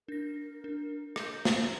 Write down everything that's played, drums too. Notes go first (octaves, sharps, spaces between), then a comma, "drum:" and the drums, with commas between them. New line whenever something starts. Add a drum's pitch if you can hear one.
D4 A#4 A#6
D4
G6 A#6, drum: rim click
drum: snare